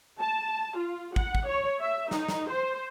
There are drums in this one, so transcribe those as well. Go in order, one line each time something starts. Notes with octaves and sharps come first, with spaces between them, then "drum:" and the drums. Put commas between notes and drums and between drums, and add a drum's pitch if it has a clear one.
A5
F4
F#5, drum: kick
drum: kick
C#5
E5
D#4, drum: snare
drum: snare
C5